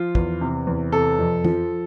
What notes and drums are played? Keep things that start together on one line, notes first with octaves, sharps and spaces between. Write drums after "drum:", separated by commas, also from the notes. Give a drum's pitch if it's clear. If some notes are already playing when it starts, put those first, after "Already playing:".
Already playing: F3 F4
E2, drum: kick
C3
E2
C3 A4
F2
F3, drum: tom